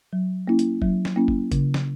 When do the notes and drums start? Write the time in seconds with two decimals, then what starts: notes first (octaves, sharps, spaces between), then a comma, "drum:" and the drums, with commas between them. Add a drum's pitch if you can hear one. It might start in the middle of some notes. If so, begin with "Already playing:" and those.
0.13 F#3
0.48 A#3 C#4 E4
0.59 drum: hi-hat
0.82 F#3, drum: kick F#1
1.05 drum: snare
1.16 A#3 C#4 E4
1.28 drum: kick F#1
1.52 C#3, drum: kick F#1, hi-hat
1.74 drum: snare